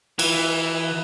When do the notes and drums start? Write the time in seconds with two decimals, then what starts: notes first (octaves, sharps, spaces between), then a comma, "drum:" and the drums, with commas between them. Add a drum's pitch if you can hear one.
0.19 E3, drum: cymbal